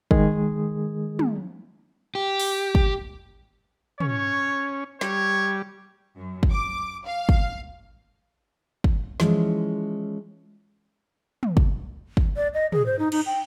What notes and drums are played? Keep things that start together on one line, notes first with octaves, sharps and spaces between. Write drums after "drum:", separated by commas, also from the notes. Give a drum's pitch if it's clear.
D#3 G#3 G#4, drum: kick
drum: tom
G4
drum: open hi-hat
drum: kick
C#4 C#5, drum: tom
G3 C#5, drum: snare
F#2
drum: kick
D6
F5
drum: kick
drum: kick
E3 F3 G#3 C#4, drum: snare
drum: tom
drum: kick
drum: kick
D5
D#5
G#4, drum: tom
C5
D#4
D#4, drum: cymbal
G5